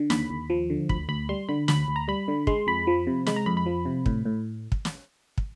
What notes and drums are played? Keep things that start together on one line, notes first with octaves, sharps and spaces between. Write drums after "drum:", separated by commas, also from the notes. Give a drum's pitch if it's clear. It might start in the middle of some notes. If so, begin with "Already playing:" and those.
Already playing: D3
D#2 B5, drum: snare
D#2
F3
D3
D2 B5, drum: kick
D2 B5
G3 C6
D3 B5
D2 B5, drum: snare
D2
A#5
G3 B5
D3
G#3 C6, drum: kick
F2 B5
F3
C3
G#3 B5, drum: snare
A#5
F2 B5
B5
F3
C3
A2, drum: kick
A2
drum: kick
drum: snare
drum: kick